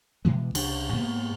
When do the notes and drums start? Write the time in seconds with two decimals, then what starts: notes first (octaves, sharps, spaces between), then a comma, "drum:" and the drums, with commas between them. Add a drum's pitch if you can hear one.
0.25 B2 E3 G#3
0.55 C2 C#3 D4, drum: cymbal
0.92 G#2 A#3 B3